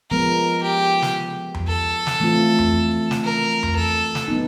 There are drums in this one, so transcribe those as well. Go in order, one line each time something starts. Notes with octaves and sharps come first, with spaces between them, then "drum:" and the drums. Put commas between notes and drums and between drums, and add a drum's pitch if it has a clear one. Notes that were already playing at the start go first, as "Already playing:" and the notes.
F3 G#3 B3 A#4
G4
drum: snare
drum: tom E2
A4
drum: snare
E3 A3 C4 F4
drum: tom E2
drum: snare
A#4
drum: tom E2
A4
drum: snare
F#3 B3 D#4